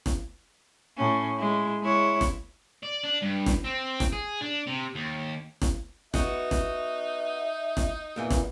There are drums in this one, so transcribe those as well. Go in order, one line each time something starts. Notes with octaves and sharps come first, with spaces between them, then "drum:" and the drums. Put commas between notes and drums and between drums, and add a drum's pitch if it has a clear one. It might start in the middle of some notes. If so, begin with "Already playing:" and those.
drum: snare
A2 C#4
G#3 E4
G#3 E4 C#5
drum: snare
D5
D4
G2
drum: snare
C4
drum: snare
G#4
D4
C3
D#2
drum: snare
B3 D#4 F#4 E5, drum: snare
drum: snare
drum: snare
E2 A#2 E3
drum: snare